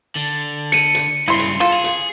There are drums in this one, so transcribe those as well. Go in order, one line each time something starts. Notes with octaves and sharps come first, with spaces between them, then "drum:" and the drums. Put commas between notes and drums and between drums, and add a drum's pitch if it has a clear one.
D3
C#7 D#7, drum: hi-hat
drum: hi-hat
G2 C#3 E4 C6
drum: hi-hat
F4 A4, drum: hi-hat
G#4
drum: hi-hat